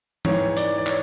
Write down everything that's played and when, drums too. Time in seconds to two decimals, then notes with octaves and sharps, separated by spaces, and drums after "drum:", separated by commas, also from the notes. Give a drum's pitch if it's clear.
0.25 G#2 E3 C#5, drum: tom E3
0.57 D5, drum: hi-hat
0.78 D5
0.87 C#5, drum: clap